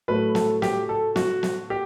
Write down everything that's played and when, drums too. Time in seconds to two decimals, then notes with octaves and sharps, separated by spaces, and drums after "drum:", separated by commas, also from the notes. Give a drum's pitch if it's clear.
0.08 A2 F#3 A3 B4
0.35 A4, drum: snare
0.62 G4, drum: snare
0.89 A4
1.16 F#4, drum: snare
1.43 drum: snare
1.70 G4